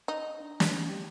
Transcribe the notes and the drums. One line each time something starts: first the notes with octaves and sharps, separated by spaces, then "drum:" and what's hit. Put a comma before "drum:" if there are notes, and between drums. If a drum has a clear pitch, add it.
D#4
D4
D4, drum: snare
D#4
G4